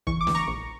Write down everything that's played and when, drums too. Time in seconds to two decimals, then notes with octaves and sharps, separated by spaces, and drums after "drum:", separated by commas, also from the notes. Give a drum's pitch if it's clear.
0.07 E2 C#6, drum: kick
0.21 D6
0.27 E2, drum: snare
0.35 A#5 C#6
0.48 A#1